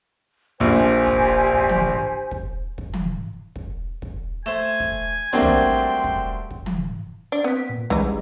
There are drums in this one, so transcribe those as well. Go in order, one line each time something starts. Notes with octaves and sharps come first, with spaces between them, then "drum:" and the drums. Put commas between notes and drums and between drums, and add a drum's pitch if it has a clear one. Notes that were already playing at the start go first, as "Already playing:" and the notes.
A#1 A#2 G4 C5 G#5
drum: kick
drum: kick
drum: tom
drum: kick
drum: kick
drum: tom
drum: kick
drum: kick
A3 C5 G#5 E7
drum: kick
F#3 G3 A3 A#3 C4 D4 G5 C6
drum: tom
drum: kick
drum: kick
drum: tom
D4
B3 C4 B6
A#2
E3 G3 G#3 C#4 D#4, drum: tom